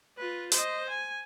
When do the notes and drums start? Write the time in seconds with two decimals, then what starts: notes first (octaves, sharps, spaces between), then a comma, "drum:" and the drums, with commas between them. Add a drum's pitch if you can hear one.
0.18 F4 B4
0.52 C5 D#5, drum: hi-hat
0.89 G#5